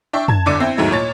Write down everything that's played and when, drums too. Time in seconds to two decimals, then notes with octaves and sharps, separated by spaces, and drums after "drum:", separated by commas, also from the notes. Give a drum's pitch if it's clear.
0.13 D4 D5 E5 G5 C#6
0.28 A5 G#6, drum: tom
0.46 G1 D3 D5 D6 C#7 D#7
0.60 C4 E4 G5
0.77 D#2 G#2 F#3 A3
0.91 A#2 C#5 A6